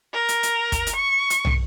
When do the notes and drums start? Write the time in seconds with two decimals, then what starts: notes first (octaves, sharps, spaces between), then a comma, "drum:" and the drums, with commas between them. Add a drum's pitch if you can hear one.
0.14 A#4
0.28 drum: hi-hat
0.43 drum: hi-hat
0.72 drum: kick, hi-hat
0.87 drum: hi-hat
0.96 C#6
1.30 drum: hi-hat
1.45 drum: tom